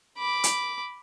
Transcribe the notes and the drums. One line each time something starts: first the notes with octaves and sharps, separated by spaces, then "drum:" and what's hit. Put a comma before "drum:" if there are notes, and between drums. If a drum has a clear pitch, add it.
B5 D6
drum: hi-hat